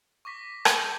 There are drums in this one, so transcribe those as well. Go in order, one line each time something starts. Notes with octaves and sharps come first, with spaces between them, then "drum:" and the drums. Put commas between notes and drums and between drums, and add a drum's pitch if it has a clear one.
C#6 D6 A#6 B6
G6, drum: rim click